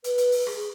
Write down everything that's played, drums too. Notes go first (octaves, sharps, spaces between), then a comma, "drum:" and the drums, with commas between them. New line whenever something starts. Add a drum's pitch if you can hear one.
B4, drum: hi-hat
drum: hi-hat
drum: open hi-hat
G#4, drum: rim click